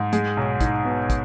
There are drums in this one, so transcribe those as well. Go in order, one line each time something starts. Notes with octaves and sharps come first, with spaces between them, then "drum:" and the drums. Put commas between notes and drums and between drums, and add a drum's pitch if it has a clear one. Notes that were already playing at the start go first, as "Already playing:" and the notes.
Already playing: G#2
G#3, drum: hi-hat
B1
D#4, drum: kick, hi-hat
B2
drum: kick, hi-hat